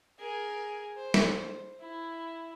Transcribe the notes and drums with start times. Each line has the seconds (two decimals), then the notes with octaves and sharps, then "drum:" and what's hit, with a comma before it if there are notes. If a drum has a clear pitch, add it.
0.19 G#4 A#4
0.97 C5
1.14 drum: snare
1.80 E4